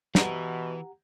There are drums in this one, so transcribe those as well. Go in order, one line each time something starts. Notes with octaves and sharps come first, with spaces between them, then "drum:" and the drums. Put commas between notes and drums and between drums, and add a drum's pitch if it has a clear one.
B2 E3 G4 F#5 A#5, drum: snare